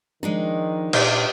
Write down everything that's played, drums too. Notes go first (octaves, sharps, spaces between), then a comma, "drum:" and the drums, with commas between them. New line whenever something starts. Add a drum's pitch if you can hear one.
D#3 F3 G#3 D4 D#4
A#2 G4 D5, drum: cymbal